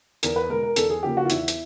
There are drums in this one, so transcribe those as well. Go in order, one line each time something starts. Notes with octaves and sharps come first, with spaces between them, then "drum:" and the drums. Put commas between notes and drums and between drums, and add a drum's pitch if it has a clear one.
E2 A#4, drum: hi-hat
B4
B2 G#3 A#4
A#4
E2 A4, drum: hi-hat
G#4
C#3 F3 A#3 G4
F#4
F4
E2 E4, drum: hi-hat
drum: hi-hat